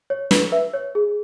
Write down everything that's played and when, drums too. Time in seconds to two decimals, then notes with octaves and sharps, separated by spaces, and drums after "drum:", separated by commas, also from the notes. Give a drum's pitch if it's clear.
0.10 C#5
0.31 B4, drum: snare
0.52 B4 E5
0.74 C#5
0.95 G#4